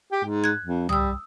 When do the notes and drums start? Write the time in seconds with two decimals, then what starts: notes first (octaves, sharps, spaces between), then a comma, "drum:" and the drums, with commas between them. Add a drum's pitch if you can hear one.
0.12 G4
0.25 G#2
0.44 F#6 G#6
0.64 F2
0.89 G3 D#6 E6, drum: tom C2